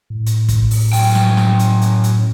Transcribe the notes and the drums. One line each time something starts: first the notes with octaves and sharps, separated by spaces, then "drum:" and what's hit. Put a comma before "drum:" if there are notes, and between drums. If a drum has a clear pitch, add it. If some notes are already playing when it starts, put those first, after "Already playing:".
A2
drum: hi-hat
drum: kick, hi-hat
drum: open hi-hat
F#2 G5, drum: open hi-hat
drum: snare
drum: snare
drum: hi-hat
drum: hi-hat
drum: hi-hat